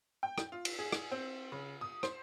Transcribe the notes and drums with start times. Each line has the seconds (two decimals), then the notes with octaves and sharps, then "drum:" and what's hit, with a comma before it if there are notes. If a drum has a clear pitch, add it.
0.23 G5
0.38 drum: rim click
0.52 F4
0.65 drum: cymbal
0.79 G#4
0.92 drum: rim click
1.12 C4
1.52 C#3
1.81 D#6
2.03 C5, drum: rim click